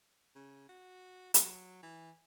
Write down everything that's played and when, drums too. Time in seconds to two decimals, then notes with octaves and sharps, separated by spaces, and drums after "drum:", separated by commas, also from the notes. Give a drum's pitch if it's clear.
0.35 C#3
0.69 F#4
1.34 F#3, drum: hi-hat
1.83 E3